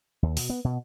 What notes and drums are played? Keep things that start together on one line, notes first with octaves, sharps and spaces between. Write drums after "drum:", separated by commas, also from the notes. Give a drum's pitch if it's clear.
D#2
B2, drum: open hi-hat
B3
B2